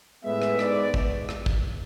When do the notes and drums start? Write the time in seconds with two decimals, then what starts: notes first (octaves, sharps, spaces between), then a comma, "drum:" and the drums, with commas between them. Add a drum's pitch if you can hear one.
0.24 A2 G#3 B3 E5
0.42 drum: rim click
0.59 G#2 G#3 B3 D5, drum: rim click
0.94 drum: kick
1.29 drum: rim click
1.46 drum: kick